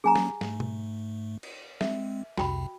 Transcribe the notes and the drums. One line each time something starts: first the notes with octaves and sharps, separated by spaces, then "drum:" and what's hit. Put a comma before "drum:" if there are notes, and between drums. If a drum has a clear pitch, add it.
F#3 A#3 C#4 G#4 G#5 A#5
drum: snare
G#2 A3, drum: snare
drum: tom B2
drum: cymbal
G#3 C4 E5, drum: snare
C2 F2 C3 F#4 G5 B5, drum: snare